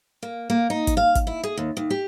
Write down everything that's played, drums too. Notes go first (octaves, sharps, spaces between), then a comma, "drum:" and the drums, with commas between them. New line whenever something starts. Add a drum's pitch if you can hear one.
A#3
A#3
D#4
drum: kick, hi-hat
F5
drum: kick, hi-hat
E4
G#4
D#2
D#2
G4